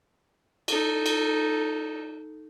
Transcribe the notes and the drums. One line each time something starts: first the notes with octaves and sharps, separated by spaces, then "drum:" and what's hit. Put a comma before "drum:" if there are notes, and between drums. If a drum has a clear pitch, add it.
D#4 A4, drum: cymbal
drum: cymbal